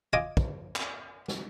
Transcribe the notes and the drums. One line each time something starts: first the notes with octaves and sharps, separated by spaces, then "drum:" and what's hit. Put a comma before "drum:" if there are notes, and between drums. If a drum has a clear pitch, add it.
F4 D#5 G#5 D6
drum: kick
drum: clap
drum: snare